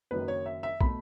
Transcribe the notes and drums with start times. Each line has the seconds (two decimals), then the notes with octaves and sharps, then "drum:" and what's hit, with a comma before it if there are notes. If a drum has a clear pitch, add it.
0.11 F#1 F#2 D#3 F#3 B4
0.28 C#5
0.46 E5
0.63 E5
0.81 B2 A3 B5, drum: kick